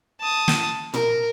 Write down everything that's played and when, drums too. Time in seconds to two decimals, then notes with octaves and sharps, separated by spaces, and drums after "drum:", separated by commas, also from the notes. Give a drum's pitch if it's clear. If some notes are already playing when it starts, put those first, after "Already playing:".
0.21 A5 D#6
0.48 drum: snare
0.94 A#4, drum: tom